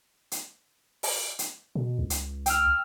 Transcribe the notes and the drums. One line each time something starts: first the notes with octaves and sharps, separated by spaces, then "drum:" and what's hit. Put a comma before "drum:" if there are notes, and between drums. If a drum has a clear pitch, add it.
drum: hi-hat
drum: open hi-hat
drum: hi-hat
B2
C#2
drum: hi-hat
G5 E6 F6, drum: hi-hat